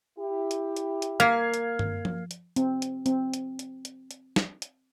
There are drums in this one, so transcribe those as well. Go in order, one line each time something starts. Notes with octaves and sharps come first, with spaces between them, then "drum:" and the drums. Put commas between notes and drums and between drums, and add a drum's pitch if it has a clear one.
E4 G4
drum: hi-hat
drum: hi-hat
drum: hi-hat
A#3 F5 F6 G#6 C7
drum: hi-hat
drum: tom G2
drum: tom F3
drum: hi-hat
C4, drum: hi-hat
drum: hi-hat
C4, drum: hi-hat
drum: hi-hat
drum: hi-hat
drum: hi-hat
drum: hi-hat
drum: snare
drum: hi-hat